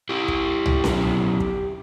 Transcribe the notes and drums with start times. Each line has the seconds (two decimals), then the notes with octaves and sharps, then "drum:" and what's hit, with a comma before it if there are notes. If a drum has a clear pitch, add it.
0.09 E4 G4
0.28 drum: kick
0.66 drum: tom C2
0.84 B2 F#3 C#4 E4, drum: snare C#4
1.40 drum: kick